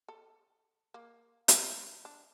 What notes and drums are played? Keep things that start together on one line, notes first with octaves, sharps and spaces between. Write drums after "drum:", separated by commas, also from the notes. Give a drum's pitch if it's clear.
A4
A#3
F#4, drum: hi-hat
D4